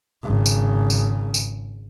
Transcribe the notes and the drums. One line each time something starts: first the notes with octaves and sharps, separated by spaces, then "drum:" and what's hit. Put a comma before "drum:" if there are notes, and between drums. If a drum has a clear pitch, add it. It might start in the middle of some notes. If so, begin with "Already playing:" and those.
G#1 C#3
drum: tambourine
drum: tambourine
drum: tambourine